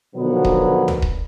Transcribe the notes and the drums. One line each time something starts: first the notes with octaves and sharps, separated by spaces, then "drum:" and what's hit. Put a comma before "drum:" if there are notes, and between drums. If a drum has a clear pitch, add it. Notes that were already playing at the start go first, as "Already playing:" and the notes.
B2 D3 D#3 F3 F#3 B3
drum: kick D#1
drum: tom
drum: kick D#1